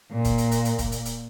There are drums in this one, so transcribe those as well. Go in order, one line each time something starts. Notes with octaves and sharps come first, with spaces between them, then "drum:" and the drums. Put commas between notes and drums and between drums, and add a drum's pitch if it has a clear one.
A#2
drum: kick, hi-hat
drum: hi-hat
drum: hi-hat
drum: hi-hat
drum: kick, hi-hat
drum: hi-hat
drum: hi-hat